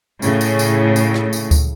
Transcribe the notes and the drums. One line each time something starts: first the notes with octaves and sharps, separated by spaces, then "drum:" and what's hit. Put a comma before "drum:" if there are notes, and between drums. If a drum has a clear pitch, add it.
A2 C#3, drum: tambourine
drum: tambourine
drum: tambourine
drum: tambourine
drum: rim click
drum: tambourine
drum: kick D2, tambourine